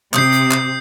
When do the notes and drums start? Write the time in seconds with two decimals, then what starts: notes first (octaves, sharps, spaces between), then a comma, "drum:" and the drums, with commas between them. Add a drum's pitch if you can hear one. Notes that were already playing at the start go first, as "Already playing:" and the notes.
0.14 C3 D#6 G6 C7, drum: clap
0.33 drum: hi-hat
0.51 drum: clap